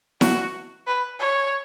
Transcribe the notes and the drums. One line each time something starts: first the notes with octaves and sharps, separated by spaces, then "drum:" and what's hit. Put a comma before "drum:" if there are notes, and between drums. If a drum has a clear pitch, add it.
F#4, drum: snare E4
B4
C#5